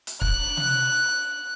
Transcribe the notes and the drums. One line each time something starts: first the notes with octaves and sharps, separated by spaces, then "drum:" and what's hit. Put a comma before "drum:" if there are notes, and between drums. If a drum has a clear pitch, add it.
drum: hi-hat
F#6, drum: kick
drum: tom